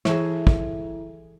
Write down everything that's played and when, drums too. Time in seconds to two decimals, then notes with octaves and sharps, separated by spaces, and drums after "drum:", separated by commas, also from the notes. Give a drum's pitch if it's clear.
0.05 E3 E4 G#4 A4 E5, drum: snare
0.47 drum: kick